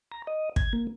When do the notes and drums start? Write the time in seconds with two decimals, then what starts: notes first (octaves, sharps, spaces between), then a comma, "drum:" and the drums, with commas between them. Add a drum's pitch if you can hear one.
0.12 A#5
0.27 D#5
0.56 G#6, drum: kick
0.73 A#3